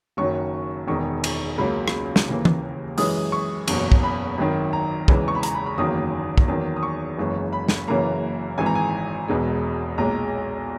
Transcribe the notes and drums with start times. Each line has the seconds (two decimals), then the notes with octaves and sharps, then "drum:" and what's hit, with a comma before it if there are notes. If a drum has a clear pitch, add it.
0.17 F#1 F#2 D#3 F#3 C#6
0.87 E1 E2 D#3 C#6
1.24 drum: cymbal
1.58 C#2 C#3 F#3 A#3 B5
1.88 drum: rim click
2.16 drum: snare
2.28 D#2 C#3 E3 A#3
2.45 drum: tom E3
2.98 F#2 E3 G#3 D#6, drum: open hi-hat
3.32 C#6
3.68 F#1 E2 B2 F#3, drum: cymbal
3.92 drum: kick
4.03 B5
4.38 G#1 F#2 D#3
4.73 A#5
5.08 E2 C#3 E3 G#3, drum: kick
5.28 C#6
5.35 B5
5.43 A#5, drum: hi-hat
5.54 B5
5.66 B5
5.78 F#1 E2 D#3 F#3 A#3 D#6
6.38 drum: kick
6.48 E2 D#3 F#3 A#3
6.76 D#6
6.83 C#6
7.18 F#1 F#2 E3 G#3
7.53 B5
7.68 drum: snare
7.88 F#1 F#2 C#3 E3 A#3 A#5
8.58 G#1 G#2 E3 G#5
8.66 A#5
8.75 G#5
9.28 E1 E2 B2 G#3
9.98 B1 A#2 G#3 A#5